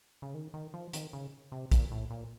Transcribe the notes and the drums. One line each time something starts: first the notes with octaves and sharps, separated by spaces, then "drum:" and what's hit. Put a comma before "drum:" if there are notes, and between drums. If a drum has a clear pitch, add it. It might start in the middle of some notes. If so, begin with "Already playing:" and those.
C#3
D#3
D#3
F3
D#3, drum: hi-hat
C#3
C3
A#2, drum: kick, hi-hat
A2
A#2